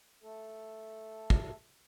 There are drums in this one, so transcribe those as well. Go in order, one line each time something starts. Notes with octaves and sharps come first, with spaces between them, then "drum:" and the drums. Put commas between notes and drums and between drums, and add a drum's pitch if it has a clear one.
A3 A4
drum: kick